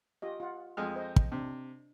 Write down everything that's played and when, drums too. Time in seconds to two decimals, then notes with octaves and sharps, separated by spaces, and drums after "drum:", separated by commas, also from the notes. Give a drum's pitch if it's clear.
0.22 F4 G4 D#5
0.40 F4 F#5
0.77 F2 G#3 F6
0.96 C5 D#5
1.16 drum: kick
1.32 C3 D4